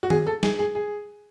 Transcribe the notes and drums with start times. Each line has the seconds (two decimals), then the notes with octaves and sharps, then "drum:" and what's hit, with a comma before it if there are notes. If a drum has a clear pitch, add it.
0.03 F#4
0.10 G#4, drum: tom D#3
0.27 A4
0.43 G#4, drum: snare
0.59 G#4
0.75 G#4